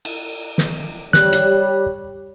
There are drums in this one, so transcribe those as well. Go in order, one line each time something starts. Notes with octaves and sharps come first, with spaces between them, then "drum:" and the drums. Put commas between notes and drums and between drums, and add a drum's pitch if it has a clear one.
drum: cymbal
drum: snare
G3 C#5 F#6, drum: snare
drum: hi-hat